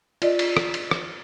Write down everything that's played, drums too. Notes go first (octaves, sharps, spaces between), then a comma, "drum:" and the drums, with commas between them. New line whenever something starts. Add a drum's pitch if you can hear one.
F4 D5 D#5, drum: cymbal
drum: cymbal
drum: rim click
drum: cymbal
drum: rim click